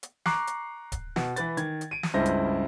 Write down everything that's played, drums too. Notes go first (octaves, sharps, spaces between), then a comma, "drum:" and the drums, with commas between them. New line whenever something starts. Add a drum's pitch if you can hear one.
drum: hi-hat
A#5 C#6 D6 F#6 C7, drum: snare
drum: hi-hat
drum: kick D1, hi-hat
B2, drum: snare
E3 B4 A6, drum: hi-hat
D#3 G#6, drum: hi-hat
drum: hi-hat
D7 D#7
drum: snare
C#2 G2 C#3 E4 C5 A#6
drum: hi-hat